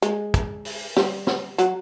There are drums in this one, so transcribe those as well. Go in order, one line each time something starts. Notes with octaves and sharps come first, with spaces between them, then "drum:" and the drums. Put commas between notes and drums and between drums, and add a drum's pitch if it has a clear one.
G#3, drum: hi-hat
drum: kick, hi-hat
drum: open hi-hat
G3, drum: snare
drum: snare
F#3, drum: hi-hat